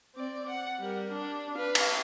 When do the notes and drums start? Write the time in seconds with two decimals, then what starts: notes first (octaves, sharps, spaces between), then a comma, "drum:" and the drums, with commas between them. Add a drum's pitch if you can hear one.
0.15 C4 D5
0.49 F#5
0.79 G3 A#4
1.11 D4
1.54 B4 F5
1.75 drum: cymbal